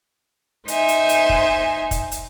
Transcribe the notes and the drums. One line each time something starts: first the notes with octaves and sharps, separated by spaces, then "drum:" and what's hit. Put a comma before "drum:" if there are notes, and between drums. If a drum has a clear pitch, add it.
D#4 C5 E5 G#5, drum: hi-hat
drum: hi-hat
drum: hi-hat
drum: kick
drum: kick, hi-hat
drum: hi-hat